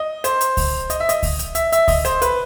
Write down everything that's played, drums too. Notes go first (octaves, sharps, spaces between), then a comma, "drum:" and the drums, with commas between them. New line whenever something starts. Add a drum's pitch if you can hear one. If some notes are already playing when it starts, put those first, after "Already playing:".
Already playing: D#5
C5, drum: hi-hat
drum: hi-hat
drum: kick C#2, open hi-hat
D#5, drum: hi-hat
E5
D#5, drum: hi-hat
drum: kick C#2, open hi-hat
drum: hi-hat
E5, drum: hi-hat
E5, drum: hi-hat
D#5, drum: kick C#2, open hi-hat
C5, drum: hi-hat
B4, drum: hi-hat